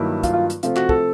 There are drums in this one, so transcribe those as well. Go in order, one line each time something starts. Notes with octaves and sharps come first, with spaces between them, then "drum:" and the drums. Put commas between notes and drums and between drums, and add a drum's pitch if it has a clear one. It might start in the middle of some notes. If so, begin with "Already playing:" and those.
Already playing: G2 D#3 F#3 A#3 E4
F4, drum: kick, hi-hat
F4
drum: hi-hat
C3 F3 A3 F4, drum: hi-hat
F#4, drum: clap
A4, drum: kick